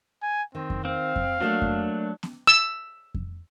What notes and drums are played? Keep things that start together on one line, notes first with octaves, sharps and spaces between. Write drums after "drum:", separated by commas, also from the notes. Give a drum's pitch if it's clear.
G#5
D#3 C4
drum: kick F2
C4 F5
drum: kick F2
F#3 A3 A#3 D4 F#4
drum: kick F2
drum: snare B3
E6
drum: kick F2